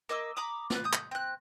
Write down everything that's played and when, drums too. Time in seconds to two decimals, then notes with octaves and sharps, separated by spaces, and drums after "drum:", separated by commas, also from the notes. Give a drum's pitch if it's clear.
0.09 A#3 D#5 D6 E6
0.36 A#5 B5 D6 D#6
0.70 F4 B4, drum: snare
0.84 D#6 G6
0.93 drum: clap
1.11 C4 F#6